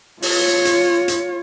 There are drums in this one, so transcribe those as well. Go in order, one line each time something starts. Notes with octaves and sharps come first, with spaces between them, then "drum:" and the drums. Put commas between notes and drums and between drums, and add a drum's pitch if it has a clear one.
F4 C#5, drum: open hi-hat
drum: hi-hat
drum: hi-hat